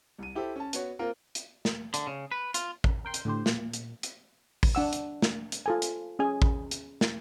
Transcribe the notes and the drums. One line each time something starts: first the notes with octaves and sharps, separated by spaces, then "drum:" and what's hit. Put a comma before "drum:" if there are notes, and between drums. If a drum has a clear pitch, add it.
C2 D#7
E4 G4 A4 C5
C#4 A5
B3 F#4 C#5, drum: hi-hat
A#3 C4 F4 A#4
drum: hi-hat
drum: snare
D3, drum: hi-hat
C#3
B4
F4, drum: hi-hat
drum: kick A1
A#4 G5 C6
drum: hi-hat
A2 D3 G4 C5
A#2, drum: snare
drum: hi-hat
drum: hi-hat
drum: kick A1, open hi-hat
D4 F#5 E6
drum: hi-hat
drum: snare
drum: hi-hat
F4 A4 G#5
drum: hi-hat
C#4 G#4 G#5
drum: kick A1
drum: hi-hat
drum: snare